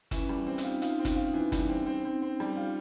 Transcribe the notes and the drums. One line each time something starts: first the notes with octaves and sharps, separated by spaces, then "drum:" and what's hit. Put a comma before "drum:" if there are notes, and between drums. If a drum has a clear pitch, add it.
E3 C#4, drum: kick, hi-hat
G3
C#4
C4
D#4, drum: hi-hat
F4
D#4 F4, drum: hi-hat
C4
C#4, drum: kick, hi-hat
F4
D#4
E3
G3, drum: kick, hi-hat
C4
C4
C4
C4
G3
F4